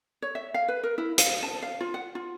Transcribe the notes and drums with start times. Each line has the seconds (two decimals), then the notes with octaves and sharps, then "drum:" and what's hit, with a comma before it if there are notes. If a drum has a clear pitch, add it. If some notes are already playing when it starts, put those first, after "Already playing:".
0.22 C#5
0.35 E5
0.54 F5
0.68 B4
0.83 A#4
0.98 E4
1.18 F5, drum: hi-hat
1.43 A5
1.62 F5
1.81 F4
1.94 F#5
2.15 F4